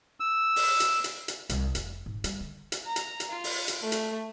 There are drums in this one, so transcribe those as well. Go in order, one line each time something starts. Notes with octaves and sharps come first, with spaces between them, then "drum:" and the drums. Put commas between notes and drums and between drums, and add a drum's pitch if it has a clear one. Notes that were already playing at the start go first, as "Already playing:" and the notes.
E6
drum: open hi-hat
drum: hi-hat
drum: hi-hat
drum: hi-hat
C2, drum: hi-hat
F1, drum: hi-hat
G#2
G3, drum: hi-hat
D3
drum: hi-hat
A#5
drum: hi-hat
drum: hi-hat
F4
drum: open hi-hat
drum: hi-hat
A3
drum: hi-hat